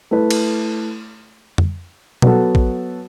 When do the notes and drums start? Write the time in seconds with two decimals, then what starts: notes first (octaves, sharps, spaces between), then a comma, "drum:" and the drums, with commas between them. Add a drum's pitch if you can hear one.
0.11 A3 E4 B4
0.31 drum: cymbal
1.58 drum: tom F2
2.22 F#3 B3 F#4 A4, drum: tom B2
2.55 drum: kick A#1